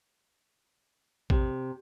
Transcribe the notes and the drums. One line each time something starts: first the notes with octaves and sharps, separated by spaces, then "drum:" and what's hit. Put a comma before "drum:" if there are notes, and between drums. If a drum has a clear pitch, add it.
C3, drum: kick